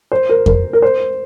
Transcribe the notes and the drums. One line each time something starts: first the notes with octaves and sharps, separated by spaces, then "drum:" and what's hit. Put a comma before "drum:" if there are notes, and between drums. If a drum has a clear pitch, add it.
C5
A#4
A#4, drum: kick F2
A#4
C5